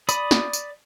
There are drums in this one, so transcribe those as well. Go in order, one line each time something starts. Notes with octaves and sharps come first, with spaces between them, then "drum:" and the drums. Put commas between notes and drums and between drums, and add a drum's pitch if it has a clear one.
D5 B5 D#6, drum: tambourine
drum: snare
drum: tambourine